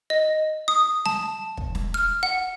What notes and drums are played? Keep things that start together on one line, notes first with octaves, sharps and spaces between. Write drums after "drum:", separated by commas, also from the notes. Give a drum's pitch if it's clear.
D#5
D#6
A5, drum: snare
drum: kick
drum: snare
F6
F#5